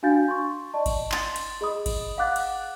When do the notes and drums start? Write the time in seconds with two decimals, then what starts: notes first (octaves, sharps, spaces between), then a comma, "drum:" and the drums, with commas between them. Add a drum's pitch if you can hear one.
0.03 D4 F#4 F5 G#5 G6 A6
0.28 C6 C#6
0.73 D5 D#5 A5 C#6
0.86 drum: kick G#1, cymbal
1.12 C6 A6, drum: clap
1.36 drum: cymbal
1.61 G#4 D#5 B5 D#6
1.86 drum: kick G#1, cymbal
2.18 F5 F#5 D6 F#6 A6
2.36 drum: cymbal